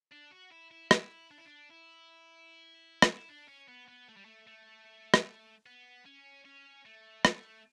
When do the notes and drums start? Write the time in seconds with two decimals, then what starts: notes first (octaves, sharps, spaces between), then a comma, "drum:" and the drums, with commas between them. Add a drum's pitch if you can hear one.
0.12 D4
0.32 F#4
0.51 E4
0.71 E4
0.91 E4, drum: rim click
1.31 D4
1.38 E4
1.46 D4
1.70 E4
3.02 drum: rim click
3.18 E4
3.29 D4
3.49 C#4
3.68 B3
3.88 B3
4.08 A3
4.17 G3
4.25 A3
4.47 A3
5.14 drum: rim click
5.66 B3
6.06 C#4
6.45 C#4
6.85 A3
7.25 A3, drum: rim click